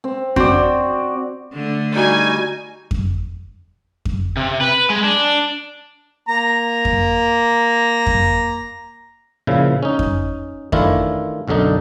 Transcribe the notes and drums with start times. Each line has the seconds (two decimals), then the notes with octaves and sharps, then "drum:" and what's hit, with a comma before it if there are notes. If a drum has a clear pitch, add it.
0.04 C4
0.36 C4 F#4 D5, drum: kick F2
1.53 D3 A3
1.95 G3 D#4 F#4 G#5
2.91 drum: kick F2
4.05 drum: kick F2
4.37 C3
4.61 B4
4.90 G#3
5.04 D4
6.28 A#3 A#5
6.85 drum: kick F2
8.07 drum: kick F2
9.47 A#2 C#3 F3 E4
9.83 C#4 D#4
9.99 drum: kick F2
10.72 D#3 E3 A3 D4 E4 F4, drum: kick F2
11.48 B1 F#2 D3 D4 D#4